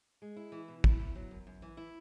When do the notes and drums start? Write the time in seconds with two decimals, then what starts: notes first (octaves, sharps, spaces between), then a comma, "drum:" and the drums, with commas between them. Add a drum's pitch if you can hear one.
0.22 G#3
0.36 E4
0.52 E3
0.68 B2
0.84 E4, drum: kick
1.00 E2
1.15 F#3
1.31 F#2
1.47 F#2
1.62 E3
1.77 E4